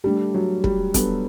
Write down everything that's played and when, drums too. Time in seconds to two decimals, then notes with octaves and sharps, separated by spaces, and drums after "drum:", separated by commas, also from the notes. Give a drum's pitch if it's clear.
0.04 G3 A3 D4 G4
0.34 F#3
0.64 G3, drum: kick
0.94 G3 B3 D4 A4, drum: kick, hi-hat